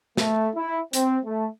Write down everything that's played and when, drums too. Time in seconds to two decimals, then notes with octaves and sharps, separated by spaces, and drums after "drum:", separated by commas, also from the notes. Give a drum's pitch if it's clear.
0.17 A3, drum: snare
0.54 E4
0.93 C4, drum: hi-hat
1.25 A3